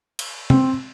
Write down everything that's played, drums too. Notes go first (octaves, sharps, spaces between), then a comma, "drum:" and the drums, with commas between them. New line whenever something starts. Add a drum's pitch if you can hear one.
drum: cymbal
C4, drum: tom